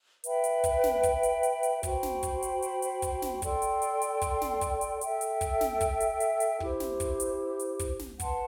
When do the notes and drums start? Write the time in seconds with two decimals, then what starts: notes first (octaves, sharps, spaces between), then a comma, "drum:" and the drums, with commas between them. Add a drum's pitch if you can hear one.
0.24 B4 E5 G5 B5, drum: hi-hat
0.44 drum: hi-hat
0.64 drum: kick, hi-hat
0.84 drum: snare
1.03 drum: kick, hi-hat
1.23 drum: hi-hat
1.43 drum: hi-hat
1.63 drum: hi-hat
1.83 F#4 C5 G5 B5, drum: kick, hi-hat
2.03 drum: snare
2.23 drum: kick, hi-hat
2.43 drum: hi-hat
2.63 drum: hi-hat
2.82 drum: hi-hat
3.02 drum: kick, hi-hat
3.22 drum: snare
3.42 A4 D5 G5 C6, drum: kick, hi-hat
3.62 drum: hi-hat
3.82 drum: hi-hat
4.02 drum: hi-hat
4.22 drum: kick, hi-hat
4.41 drum: snare
4.61 drum: kick, hi-hat
4.81 drum: hi-hat
5.01 A4 E5 G5, drum: hi-hat
5.21 drum: hi-hat
5.41 drum: kick, hi-hat
5.61 drum: snare
5.81 drum: kick, hi-hat
6.01 drum: hi-hat
6.20 drum: hi-hat
6.40 drum: hi-hat
6.60 E4 G4 C5, drum: kick
6.80 drum: snare
7.00 drum: kick, hi-hat
7.20 drum: hi-hat
7.60 drum: hi-hat
7.79 drum: kick, hi-hat
7.99 drum: snare
8.20 B4 F#5 A5 C6, drum: kick, hi-hat